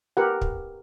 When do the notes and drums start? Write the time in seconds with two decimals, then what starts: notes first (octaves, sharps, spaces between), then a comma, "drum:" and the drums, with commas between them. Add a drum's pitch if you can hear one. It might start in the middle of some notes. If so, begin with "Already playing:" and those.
0.17 G4 A#4 B4 F#5
0.41 drum: kick